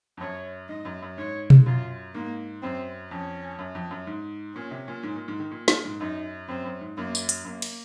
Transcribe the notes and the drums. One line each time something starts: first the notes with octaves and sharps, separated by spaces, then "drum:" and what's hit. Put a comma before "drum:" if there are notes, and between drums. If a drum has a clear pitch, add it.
F2
F#2 C#5
G#2 D#5
F#2
F#2
G#2 C#5
drum: tom B2
F#2 F4
G#2 A#3
F#2 C4
F2 C#4
F#2
F2
F#2
G#2
A#2 C#4
C3
A#2
G#2
A#2
G#2
D#3
A#2
A#2, drum: snare
G#2
F#2 D#4
F#2 C4
F#2
G#2
F#2 A#3
drum: tambourine
drum: hi-hat
F#2 A#3
drum: cymbal